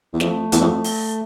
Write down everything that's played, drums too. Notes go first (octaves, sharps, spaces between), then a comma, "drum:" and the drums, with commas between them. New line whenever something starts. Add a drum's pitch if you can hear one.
E2
F2 A3, drum: snare
E2, drum: hi-hat
F2
drum: open hi-hat